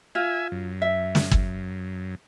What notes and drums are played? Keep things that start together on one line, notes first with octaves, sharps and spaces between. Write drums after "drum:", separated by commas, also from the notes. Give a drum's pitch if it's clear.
F4 E5 G#5
F#2
E5
drum: snare
drum: kick